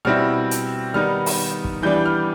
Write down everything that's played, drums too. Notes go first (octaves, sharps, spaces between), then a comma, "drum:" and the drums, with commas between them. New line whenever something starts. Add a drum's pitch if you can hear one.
B2 G3 C4 E4 F6
drum: hi-hat
D#3 G3 B3 D#4 F6
drum: open hi-hat
drum: kick
E3 G3 B3 D4 G6
F6